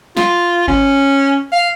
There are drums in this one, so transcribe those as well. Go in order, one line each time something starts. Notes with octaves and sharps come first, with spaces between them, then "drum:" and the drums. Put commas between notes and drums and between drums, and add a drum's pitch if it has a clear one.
F4, drum: snare
C#4, drum: kick G#1
F5